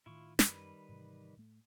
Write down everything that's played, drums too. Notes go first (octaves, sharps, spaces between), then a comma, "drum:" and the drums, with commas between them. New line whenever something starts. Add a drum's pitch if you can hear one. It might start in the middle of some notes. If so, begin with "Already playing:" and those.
A2 D#3 E4 F4 C#6
F#2 D#3 G3 B4, drum: snare
G#2 C3 E3
A2 A3